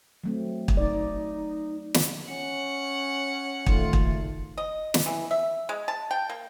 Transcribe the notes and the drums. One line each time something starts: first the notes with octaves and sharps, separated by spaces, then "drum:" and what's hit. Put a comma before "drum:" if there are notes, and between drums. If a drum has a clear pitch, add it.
F#3 A3 C4
drum: kick
D#4 D5
drum: snare
C#4 F#5
F#1 D#3 A3 F4, drum: kick
drum: kick
D#5
drum: snare
E3
E5
G#3
A5
G5
A#3